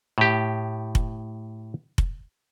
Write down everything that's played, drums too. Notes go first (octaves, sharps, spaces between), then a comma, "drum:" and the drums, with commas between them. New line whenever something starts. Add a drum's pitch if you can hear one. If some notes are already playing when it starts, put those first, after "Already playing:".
A2 G4
drum: kick F1
drum: kick F1